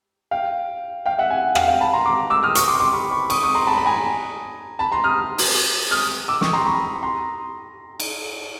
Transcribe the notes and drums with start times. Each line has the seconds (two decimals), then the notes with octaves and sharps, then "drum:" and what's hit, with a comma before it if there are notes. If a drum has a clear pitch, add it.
0.31 F5 G5
1.06 F5 G5
1.19 E5 F#5
1.30 F#5 G#5
1.55 F5 G5, drum: rim click
1.68 F5 G5
1.80 A5 B5
1.93 A#5 C6
2.06 C6 D6
2.30 D6 E6
2.43 D#6 F6
2.55 C#6 D#6, drum: hi-hat
2.68 C6 D6
2.75 C#6
2.80 C6 D6
2.92 B5 C#6
3.11 B5 C#6
3.30 C#6 D#6, drum: cymbal
3.43 C#6 D#6
3.55 A#5 C6
3.67 A5 B5
3.78 B5
3.86 G#5 A#5
4.79 A5 B5
4.92 A#5 C6
5.04 D#6 F6
5.38 drum: open hi-hat
5.91 D#6 F6
6.28 D6 E6
6.41 C#6 D#6, drum: snare
6.53 A#5 C6
6.66 B5 C#6
7.03 A#5 C6
8.00 drum: cymbal